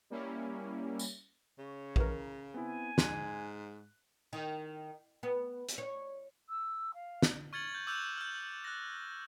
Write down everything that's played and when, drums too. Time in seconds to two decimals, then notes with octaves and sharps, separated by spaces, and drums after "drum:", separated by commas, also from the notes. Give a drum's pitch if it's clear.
0.10 G3 A#3 C#4 E4
0.99 drum: tambourine
1.59 C#3 C#5
1.96 D#3 E3 A#4, drum: kick A#1
2.54 B3 C4 E4 G#5
2.98 D#2 G#2 F3 C6 F#6, drum: snare
4.33 D#3
5.23 B3
5.69 drum: hi-hat
5.78 C#5
6.49 E6
6.94 F5
7.22 drum: snare
7.53 C#6 F6 G#6 A6 C#7 F#7
7.75 G6
7.87 D6 E6 F#6 G6 F7 F#7
8.18 F6 G6
8.64 F#6 A#6